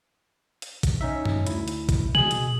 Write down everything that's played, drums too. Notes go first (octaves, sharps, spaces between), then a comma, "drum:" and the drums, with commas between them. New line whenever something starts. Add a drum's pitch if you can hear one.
drum: hi-hat
drum: kick, hi-hat
C#4 D#4 E5
drum: tom F#2
D2 E4, drum: hi-hat
drum: hi-hat
drum: kick, hi-hat
B2 G#4 G#5 F#7
drum: hi-hat